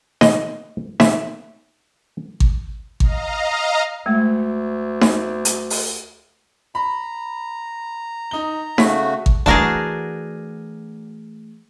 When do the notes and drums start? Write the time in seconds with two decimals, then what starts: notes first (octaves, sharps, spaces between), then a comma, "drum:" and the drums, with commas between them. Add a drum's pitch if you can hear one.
0.21 D#5, drum: snare D#4
1.00 E5, drum: snare D#4
2.40 drum: kick G#1
3.00 D#5 F5 A#5, drum: kick G#1
4.06 D2 G#3 A3
5.01 drum: snare D#4
5.45 drum: hi-hat
5.70 drum: open hi-hat
6.75 A#5 B5
8.31 D#4 G7
8.78 C#3 A3 F#4 B6, drum: snare D#4
9.26 drum: kick G#1
9.46 E3 A3 D4 F#4 G#4 A#4 A5 A#5